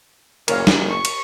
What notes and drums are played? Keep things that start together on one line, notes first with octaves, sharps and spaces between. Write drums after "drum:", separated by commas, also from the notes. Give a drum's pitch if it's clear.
F#1 D2 A#2 A#4 C#5 F5, drum: cymbal
drum: snare
C#6
drum: cymbal